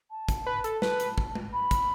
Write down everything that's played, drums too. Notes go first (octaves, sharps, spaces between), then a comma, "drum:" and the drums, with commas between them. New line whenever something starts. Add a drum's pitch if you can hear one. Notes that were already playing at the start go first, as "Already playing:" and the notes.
A5
drum: kick, hi-hat
B4
A4, drum: hi-hat
B4, drum: snare
drum: hi-hat
drum: kick
drum: tom G#3
B5
drum: kick, hi-hat